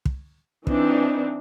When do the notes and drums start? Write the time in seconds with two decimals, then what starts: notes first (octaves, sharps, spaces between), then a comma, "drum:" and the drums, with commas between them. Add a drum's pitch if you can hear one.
0.05 drum: kick
0.67 E3 C4 D4 D#4, drum: kick